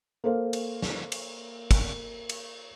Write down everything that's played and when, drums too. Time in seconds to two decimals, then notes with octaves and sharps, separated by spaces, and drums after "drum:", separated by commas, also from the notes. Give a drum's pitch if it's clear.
0.24 A#3 A4 C5 F5
0.53 drum: cymbal
0.82 drum: snare
1.12 drum: cymbal
1.71 drum: kick, cymbal
2.29 drum: cymbal